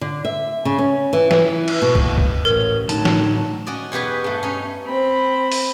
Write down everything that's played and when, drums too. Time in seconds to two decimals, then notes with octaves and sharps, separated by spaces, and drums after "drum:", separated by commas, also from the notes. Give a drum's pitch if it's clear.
0.01 D3
0.25 E5
0.65 C#3
0.79 C#4
1.13 E3
1.31 E3, drum: snare
1.68 drum: cymbal
1.82 B2
1.95 D#2, drum: kick
2.18 drum: kick
2.45 A1 A#4 C#5
2.89 A2 D3 F#3 D#4 A5, drum: hi-hat
3.05 drum: snare
3.66 C#4 F#4 D5 D#5
3.92 E2 B2 G4 B4 G#5
4.24 G2 A3
4.43 C#4 D#4
4.87 C4 B5
5.52 drum: open hi-hat